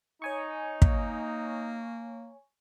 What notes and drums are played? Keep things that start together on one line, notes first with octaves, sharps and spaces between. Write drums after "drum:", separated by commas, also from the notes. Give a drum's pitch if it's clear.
D#4 C#5 G#5 C#6
A#3, drum: kick